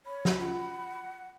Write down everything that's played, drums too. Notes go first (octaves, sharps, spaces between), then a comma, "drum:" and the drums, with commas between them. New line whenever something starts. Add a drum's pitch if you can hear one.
C#5 B5
drum: snare
F4 F#5